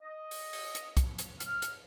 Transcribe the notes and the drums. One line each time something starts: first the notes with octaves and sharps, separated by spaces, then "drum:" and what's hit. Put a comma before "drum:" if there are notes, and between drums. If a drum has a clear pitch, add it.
D#5
drum: open hi-hat
drum: open hi-hat
drum: hi-hat
drum: kick, hi-hat
drum: hi-hat
F6, drum: hi-hat
drum: hi-hat